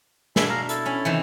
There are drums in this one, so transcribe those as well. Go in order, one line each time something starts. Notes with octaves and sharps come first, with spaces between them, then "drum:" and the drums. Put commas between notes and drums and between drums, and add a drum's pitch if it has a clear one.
B2 D4 E4 E5 G#5, drum: snare
F5 A#5
E4 A4, drum: hi-hat
C#4 B5
C3 D#3 E3